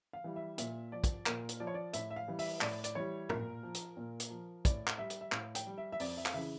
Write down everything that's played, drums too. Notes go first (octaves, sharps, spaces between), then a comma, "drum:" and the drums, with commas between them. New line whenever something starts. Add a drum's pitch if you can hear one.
F5
E3 G3
E5
A#2 E5, drum: hi-hat
F3 D5
drum: kick, hi-hat
A#2 A#4, drum: clap
drum: hi-hat
F3 D5
C#5
D5
A2 E5, drum: hi-hat
E5
F5
E3 G3
E5, drum: open hi-hat
A2 D5, drum: clap
D5, drum: hi-hat
E3 G3 C#5
A#2 A#4, drum: tom
F3
drum: hi-hat
A#2
drum: hi-hat
F3
A2 D5, drum: kick, hi-hat
drum: clap
G3 E5
drum: hi-hat
E5
A2 F5, drum: clap
G5, drum: hi-hat
G3
E5
E5
F2 D5, drum: open hi-hat
E5
F5, drum: clap
C#3 E3 E5